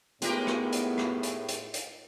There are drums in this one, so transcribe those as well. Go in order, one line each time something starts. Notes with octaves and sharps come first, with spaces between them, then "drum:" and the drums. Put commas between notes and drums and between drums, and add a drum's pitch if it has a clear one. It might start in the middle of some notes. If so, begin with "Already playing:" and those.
A2 G#3 B3 D#4 F4 G4 A#4 B4, drum: hi-hat
drum: rim click
drum: hi-hat
drum: rim click
drum: hi-hat
drum: hi-hat
drum: hi-hat